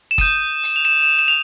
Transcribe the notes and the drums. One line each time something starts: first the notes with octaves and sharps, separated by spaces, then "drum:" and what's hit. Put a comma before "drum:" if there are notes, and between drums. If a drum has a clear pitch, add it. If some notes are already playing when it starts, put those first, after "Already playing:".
E7
D#6 G6 D#7, drum: kick, hi-hat
drum: hi-hat
F7
E7
E7
E7
F7